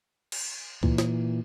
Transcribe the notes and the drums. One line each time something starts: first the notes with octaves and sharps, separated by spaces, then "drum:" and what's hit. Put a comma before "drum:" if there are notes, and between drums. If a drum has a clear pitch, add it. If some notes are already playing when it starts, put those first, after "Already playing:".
drum: cymbal
A#2 E3, drum: kick C#2
drum: snare